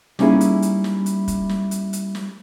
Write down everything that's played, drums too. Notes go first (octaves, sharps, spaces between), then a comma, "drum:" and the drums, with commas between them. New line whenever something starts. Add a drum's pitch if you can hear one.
G3 A#3 C#4 D#4 E4 G#4, drum: snare
drum: hi-hat
drum: hi-hat
drum: snare
drum: hi-hat
drum: kick, hi-hat
drum: snare
drum: hi-hat
drum: hi-hat
drum: snare